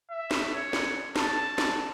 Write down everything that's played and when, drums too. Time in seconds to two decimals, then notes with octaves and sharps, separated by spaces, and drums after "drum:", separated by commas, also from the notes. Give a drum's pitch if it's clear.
0.11 E5
0.31 drum: snare
0.54 C#5
0.73 drum: snare
1.16 A5, drum: snare
1.58 drum: snare